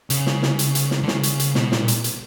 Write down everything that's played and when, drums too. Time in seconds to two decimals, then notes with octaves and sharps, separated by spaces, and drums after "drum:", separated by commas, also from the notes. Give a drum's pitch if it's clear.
0.10 C#3, drum: hi-hat
0.26 drum: snare
0.43 drum: snare
0.59 drum: hi-hat
0.75 drum: hi-hat
0.91 drum: snare
1.03 D3
1.08 C#3, drum: snare
1.23 drum: hi-hat
1.39 drum: hi-hat
1.55 B2, drum: snare
1.72 A#2, drum: snare
1.88 drum: hi-hat
2.04 drum: hi-hat